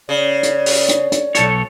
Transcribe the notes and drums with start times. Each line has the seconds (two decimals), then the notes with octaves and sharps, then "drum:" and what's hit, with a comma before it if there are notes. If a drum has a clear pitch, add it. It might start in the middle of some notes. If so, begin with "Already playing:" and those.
0.09 C#3 D5
0.43 drum: hi-hat
0.66 drum: open hi-hat
0.89 drum: hi-hat
1.12 drum: hi-hat
1.35 B1 A4 C#5, drum: hi-hat